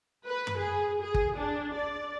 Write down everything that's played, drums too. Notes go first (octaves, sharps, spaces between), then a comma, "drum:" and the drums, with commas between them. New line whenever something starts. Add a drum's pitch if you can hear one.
B4
drum: tom F#2
G#4
G#4
drum: kick
D4
D5